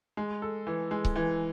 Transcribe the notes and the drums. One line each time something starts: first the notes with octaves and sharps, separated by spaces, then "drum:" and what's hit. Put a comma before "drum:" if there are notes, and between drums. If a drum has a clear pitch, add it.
G#3
A4
E3
G#3
drum: kick C#1
E3